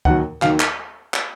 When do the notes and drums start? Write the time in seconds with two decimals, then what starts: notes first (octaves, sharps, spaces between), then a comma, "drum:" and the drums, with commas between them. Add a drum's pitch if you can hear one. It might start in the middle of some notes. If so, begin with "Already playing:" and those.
0.05 D#2 D#3 F#3 F#5, drum: kick C#2
0.42 D#2 D#3 F#3 F5, drum: clap
0.60 drum: clap
1.14 drum: clap